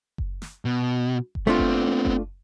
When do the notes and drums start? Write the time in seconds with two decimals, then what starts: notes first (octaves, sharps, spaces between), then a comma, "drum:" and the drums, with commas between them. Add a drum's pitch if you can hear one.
0.18 drum: kick F#1
0.42 drum: snare
0.65 B2
1.35 drum: kick F#1
1.47 A3 B3 C4 D4 F4
1.58 drum: kick F#1
2.05 drum: kick F#1